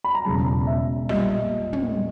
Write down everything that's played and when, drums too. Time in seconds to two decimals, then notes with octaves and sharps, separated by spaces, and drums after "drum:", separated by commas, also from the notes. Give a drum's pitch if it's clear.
0.04 B5
0.15 A#5
0.25 E1 E2 C#3 F#3 A5
0.67 E5
1.09 A#1 A#2 G3 D#5, drum: snare
1.73 drum: tom